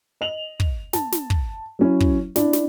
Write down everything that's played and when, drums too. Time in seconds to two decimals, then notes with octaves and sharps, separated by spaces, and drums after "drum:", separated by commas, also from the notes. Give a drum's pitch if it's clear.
0.21 D#5 F7 F#7
0.60 drum: kick
0.93 A5, drum: snare
1.12 drum: snare
1.30 drum: kick
1.79 F#3 C#4 E4
2.00 drum: kick
2.36 D4 E4, drum: snare
2.53 drum: snare